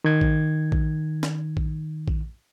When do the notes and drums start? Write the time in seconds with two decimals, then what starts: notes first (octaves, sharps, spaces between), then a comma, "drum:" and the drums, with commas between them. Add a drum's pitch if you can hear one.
0.04 D#3 G#6
0.21 drum: kick A#1
0.72 drum: kick A#1
1.23 drum: snare
1.57 drum: kick A#1
2.08 drum: kick A#1